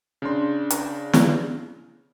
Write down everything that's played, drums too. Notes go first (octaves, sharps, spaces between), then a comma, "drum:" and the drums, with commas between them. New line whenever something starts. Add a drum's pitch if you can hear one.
C#3 D4 C6
drum: hi-hat
drum: snare